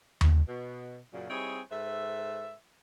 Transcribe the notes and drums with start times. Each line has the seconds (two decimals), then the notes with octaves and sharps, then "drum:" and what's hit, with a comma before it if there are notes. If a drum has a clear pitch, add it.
0.21 drum: tom D#2
0.48 B2
1.14 F#2 A#2 C#3
1.30 G3 C4 D#4 E4 G#4 C#5
1.71 G#2 A4 B4 C5 E5